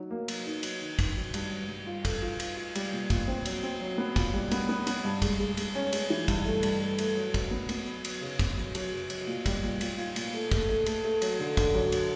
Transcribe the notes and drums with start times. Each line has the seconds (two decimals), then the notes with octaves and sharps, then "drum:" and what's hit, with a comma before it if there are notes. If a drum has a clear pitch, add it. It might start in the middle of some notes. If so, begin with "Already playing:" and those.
Already playing: F#3 D#4
0.11 A#3
0.28 F#3, drum: cymbal
0.46 D#4
0.63 F#3, drum: cymbal
0.81 D#3
0.99 D#3, drum: kick, cymbal
1.16 F#3
1.34 G2, drum: cymbal
1.51 F#3
1.69 G2
1.87 F4
2.05 A4, drum: kick, cymbal
2.22 F4
2.40 F4, drum: cymbal
2.57 F4
2.75 G3, drum: cymbal
2.93 A#2
3.10 A#2, drum: kick, cymbal
3.28 C4
3.45 F#3, drum: cymbal
3.63 C4
3.81 F#3
3.98 B3
4.16 A#2, drum: kick, cymbal
4.34 G3
4.51 B3, drum: cymbal
4.69 B3
4.87 B3, drum: cymbal
5.05 G2
5.22 G#3, drum: kick, cymbal
5.40 G#3
5.57 G#3, drum: cymbal
5.75 C#4
5.93 G#3, drum: cymbal
6.10 E3
6.28 G2, drum: kick, cymbal
6.46 A3
6.63 G2, drum: cymbal
6.81 A3
6.98 A3, drum: cymbal
7.16 F#3
7.34 F#3, drum: kick, cymbal
7.51 B3
7.69 B3, drum: cymbal
7.86 F#3
8.05 F#3, drum: cymbal
8.21 C#3
8.39 B3, drum: kick, cymbal
8.58 F#2
8.75 F#2, drum: cymbal
8.93 C#3
9.10 F#3, drum: cymbal
9.27 A#2
9.46 G3, drum: kick, cymbal
9.63 A#2
9.81 A#2, drum: cymbal
9.98 F4
10.16 A#2, drum: cymbal
10.34 A3
10.52 A3, drum: kick, cymbal
10.69 A3
10.86 A3, drum: cymbal
11.04 A3
11.22 F#3, drum: cymbal
11.40 D3
11.57 D3, drum: kick, cymbal
11.75 F#2
11.92 F#3, drum: cymbal